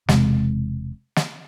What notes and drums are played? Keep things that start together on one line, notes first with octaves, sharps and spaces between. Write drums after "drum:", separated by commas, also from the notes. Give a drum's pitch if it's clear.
E1 C3 G#3, drum: snare
drum: snare